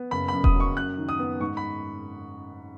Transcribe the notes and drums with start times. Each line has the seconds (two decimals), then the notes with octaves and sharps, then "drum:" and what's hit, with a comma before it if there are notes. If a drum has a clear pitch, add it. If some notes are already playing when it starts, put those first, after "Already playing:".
Already playing: B3
0.11 F#1 B5
0.28 F#2 B5
0.44 D#6, drum: kick E1
0.55 F#3 C#6
0.76 F#2 F#6
0.98 D#3
1.09 D#6
1.19 B3
1.40 G#2 C#6
1.57 B5